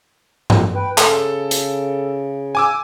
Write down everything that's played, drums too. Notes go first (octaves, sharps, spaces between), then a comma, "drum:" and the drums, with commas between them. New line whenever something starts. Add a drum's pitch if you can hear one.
drum: tom G2
B4 G5
C#3 A4, drum: clap
drum: hi-hat
G#5 D6 E6